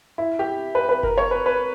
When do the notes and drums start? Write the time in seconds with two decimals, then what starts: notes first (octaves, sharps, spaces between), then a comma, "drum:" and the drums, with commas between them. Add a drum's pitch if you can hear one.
0.18 E4
0.39 G4
0.75 B4
0.89 B4
1.03 A#4, drum: kick F#1
1.18 C#5
1.31 B4
1.46 B4